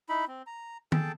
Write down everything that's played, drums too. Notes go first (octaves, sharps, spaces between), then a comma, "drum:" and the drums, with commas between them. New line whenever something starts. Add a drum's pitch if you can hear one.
D#4 E4 B5
C4
A#5
G#4 A4 G5 A5, drum: tom